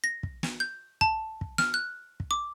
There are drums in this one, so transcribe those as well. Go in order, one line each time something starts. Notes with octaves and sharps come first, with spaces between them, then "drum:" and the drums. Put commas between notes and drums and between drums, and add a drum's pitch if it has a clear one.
A#6
drum: kick
drum: snare
G6
A5, drum: kick
drum: kick
F6, drum: snare
F#6
drum: kick
D6